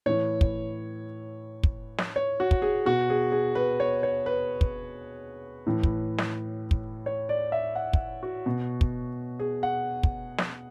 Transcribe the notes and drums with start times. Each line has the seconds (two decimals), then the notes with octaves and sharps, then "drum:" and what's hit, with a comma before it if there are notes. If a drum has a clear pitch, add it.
0.06 A2 E3 C#5
0.41 drum: kick
1.63 drum: kick
1.98 drum: snare
2.16 C#5
2.40 F#4
2.51 drum: kick
2.62 G#4
2.86 B2 F#4
3.10 G#4
3.32 G#4
3.55 B4
3.80 C#5
4.03 C#5
4.26 B4
4.61 drum: kick
5.67 A2 E3
5.83 drum: kick
6.18 drum: snare
6.71 drum: kick
7.06 C#5
7.29 D5
7.52 E5
7.75 F#5
7.93 drum: kick
8.23 F#4
8.46 B2
8.81 drum: kick
9.40 G#4
9.63 F#5
10.03 drum: kick
10.38 drum: snare